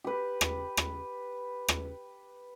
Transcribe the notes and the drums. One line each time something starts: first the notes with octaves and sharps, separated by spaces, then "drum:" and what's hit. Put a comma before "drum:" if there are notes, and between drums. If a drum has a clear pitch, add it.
G4 B4
drum: rim click
drum: rim click
drum: rim click